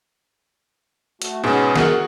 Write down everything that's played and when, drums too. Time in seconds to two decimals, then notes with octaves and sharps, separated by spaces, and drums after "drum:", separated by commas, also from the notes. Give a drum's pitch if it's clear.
1.22 A3 F#4, drum: hi-hat
1.43 G#2 B2 G#3 B3 C#4
1.76 F#4 G#4 A#4 F#5, drum: snare